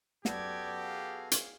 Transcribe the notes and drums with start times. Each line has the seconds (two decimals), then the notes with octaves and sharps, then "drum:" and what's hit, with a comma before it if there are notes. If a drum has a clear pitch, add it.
0.25 F#2 B3 F#4 G4 A4 D5 G#6, drum: snare
0.82 G#4 F5
1.31 drum: hi-hat